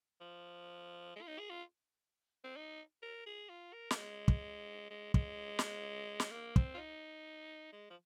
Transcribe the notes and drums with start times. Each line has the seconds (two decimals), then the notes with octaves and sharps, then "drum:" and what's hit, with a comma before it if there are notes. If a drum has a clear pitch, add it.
0.21 F3
1.16 G#3
1.22 F4
1.27 D#4
1.39 G#4
1.50 F4
2.44 C4
2.57 D#4
3.02 A#4
3.26 G#4
3.49 F4
3.73 A#4
3.91 A#3, drum: snare
3.97 G#3
4.28 drum: kick
4.90 G#3
5.14 G#3, drum: kick
5.59 drum: snare
6.20 drum: snare
6.31 A#3
6.56 C4, drum: kick
6.75 F4
6.78 D#4
7.72 G#3
7.90 F3